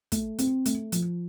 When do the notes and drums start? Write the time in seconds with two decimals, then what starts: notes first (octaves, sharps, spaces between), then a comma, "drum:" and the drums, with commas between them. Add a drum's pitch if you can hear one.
0.12 A3, drum: kick, hi-hat
0.39 C4, drum: hi-hat
0.66 A3, drum: hi-hat
0.92 F3, drum: hi-hat